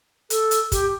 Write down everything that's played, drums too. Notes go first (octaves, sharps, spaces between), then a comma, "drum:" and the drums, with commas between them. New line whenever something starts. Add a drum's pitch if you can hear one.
A4, drum: hi-hat
drum: hi-hat
G4, drum: kick, hi-hat